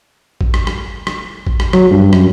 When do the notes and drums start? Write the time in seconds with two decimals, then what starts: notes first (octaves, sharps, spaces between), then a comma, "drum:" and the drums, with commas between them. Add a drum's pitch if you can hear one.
0.41 drum: kick
0.54 drum: rim click
0.67 drum: rim click
1.07 drum: rim click
1.47 drum: kick
1.60 drum: rim click
1.73 F#3, drum: rim click
1.91 G2
2.13 F#2, drum: rim click